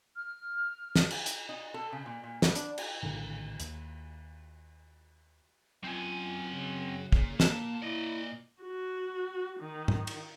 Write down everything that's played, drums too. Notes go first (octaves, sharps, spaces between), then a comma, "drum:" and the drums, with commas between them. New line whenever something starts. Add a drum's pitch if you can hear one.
F6
drum: snare
drum: cymbal
drum: hi-hat
D#4
A4
C#3
A#2
A#2
B3, drum: snare
D4, drum: hi-hat
drum: cymbal
A#1 A2 D3 D#3
D#2, drum: hi-hat
F#2 C4 F4 G#5
C#3
A#2, drum: kick
A#3 A5, drum: snare
E4 D5 D#5
F#4
D#3
drum: tom G#2
drum: cymbal